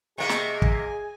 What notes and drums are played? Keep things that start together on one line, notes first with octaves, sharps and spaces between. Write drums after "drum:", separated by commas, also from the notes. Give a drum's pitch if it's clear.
C3 A#3 G#4 D#5 C#6
drum: snare
G#5, drum: kick